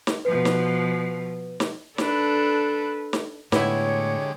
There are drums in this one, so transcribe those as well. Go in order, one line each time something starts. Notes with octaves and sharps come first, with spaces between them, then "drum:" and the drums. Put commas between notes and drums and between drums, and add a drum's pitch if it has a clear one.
drum: snare
B2 F3 B4
drum: snare
drum: snare
D4 A4 B4, drum: snare
drum: snare
A2 D3 G#3 B3 E4 G4 C#5, drum: snare